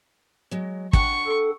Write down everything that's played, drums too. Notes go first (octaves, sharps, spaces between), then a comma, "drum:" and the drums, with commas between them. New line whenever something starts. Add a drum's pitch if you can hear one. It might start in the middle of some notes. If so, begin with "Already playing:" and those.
F#3 G#3
D4 F#5 G5 C#6, drum: kick
A4